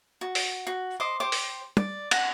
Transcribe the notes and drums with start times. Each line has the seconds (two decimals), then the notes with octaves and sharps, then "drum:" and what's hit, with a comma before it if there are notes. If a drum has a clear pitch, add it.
0.21 F#4
0.35 drum: open hi-hat
0.67 F#4
1.00 C5 D#5 D6
1.20 G4 C5 D6
1.32 drum: open hi-hat
1.77 D5, drum: tom
2.11 F#5, drum: cymbal